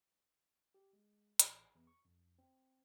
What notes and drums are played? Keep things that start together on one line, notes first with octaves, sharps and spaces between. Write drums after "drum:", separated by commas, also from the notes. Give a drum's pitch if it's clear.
G4
G#3
A1, drum: hi-hat
E2
C#6
F2
C4